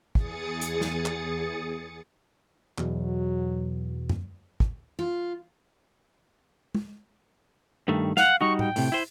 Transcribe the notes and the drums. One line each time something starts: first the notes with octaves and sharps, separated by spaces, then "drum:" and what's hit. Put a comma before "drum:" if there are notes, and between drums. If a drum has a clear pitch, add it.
E2 G#4 D#6 A6 C#7, drum: kick
drum: hi-hat
drum: snare
drum: clap
E2 B2 F#3, drum: clap
drum: tom F#2
drum: kick
F4
drum: tom G#3
G2 D#3 A3
F5 F#5, drum: snare
G3 D#4 F#4 C#6
G5, drum: tom A2
A2 C3, drum: open hi-hat
E4 C5